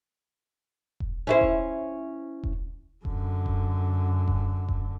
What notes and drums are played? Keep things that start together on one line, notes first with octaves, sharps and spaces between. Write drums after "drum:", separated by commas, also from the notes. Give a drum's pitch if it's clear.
drum: kick E1
C#4 E4 C5
drum: kick E1
drum: kick E1
F#2 D3, drum: kick E1
drum: kick E1
drum: kick E1
drum: kick E1